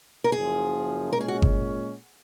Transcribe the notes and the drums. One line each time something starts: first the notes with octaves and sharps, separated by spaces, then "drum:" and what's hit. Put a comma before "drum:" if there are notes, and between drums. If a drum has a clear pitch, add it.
A#4
F#1 F#2 F3 G#4
A#2 G#3 C#4 A#4
G#4
F#4
drum: kick G1